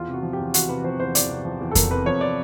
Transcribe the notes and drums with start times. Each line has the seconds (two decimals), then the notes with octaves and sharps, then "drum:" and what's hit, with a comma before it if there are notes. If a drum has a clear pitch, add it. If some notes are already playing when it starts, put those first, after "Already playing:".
Already playing: E2 F4
0.08 C3
0.13 F#4
0.23 F3
0.33 G4
0.39 E2
0.54 E2 F#4, drum: hi-hat
0.69 C3 B4
0.84 F3 C5
0.99 E2 C5
1.15 E2 D5, drum: hi-hat
1.29 C3
1.45 F3
1.60 E2
1.71 A4
1.75 E2 A#4, drum: kick F2, hi-hat
1.91 C3 B4
2.06 F3 C#5
2.21 D5